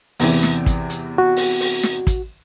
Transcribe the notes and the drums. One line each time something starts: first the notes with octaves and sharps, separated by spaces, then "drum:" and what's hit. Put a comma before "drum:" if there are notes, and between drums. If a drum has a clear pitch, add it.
E2 C3 E3, drum: open hi-hat
drum: snare
drum: kick, hi-hat
drum: hi-hat
F#4
drum: open hi-hat
drum: open hi-hat
drum: snare
drum: kick, hi-hat